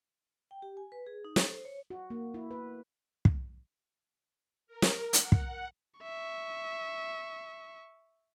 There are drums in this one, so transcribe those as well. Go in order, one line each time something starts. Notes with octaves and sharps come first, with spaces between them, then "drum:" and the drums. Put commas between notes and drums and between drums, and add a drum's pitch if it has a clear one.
G5
G4
G#5
B4
G#4
D#4
A4, drum: snare
C5
C#5
F#4
A#3
E4
B4
drum: kick
A#4
drum: snare
F#5, drum: hi-hat
drum: kick
E5 C#6